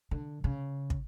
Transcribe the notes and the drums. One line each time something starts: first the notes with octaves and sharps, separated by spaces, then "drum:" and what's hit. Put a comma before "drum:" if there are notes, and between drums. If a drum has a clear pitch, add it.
D3
C#3
drum: kick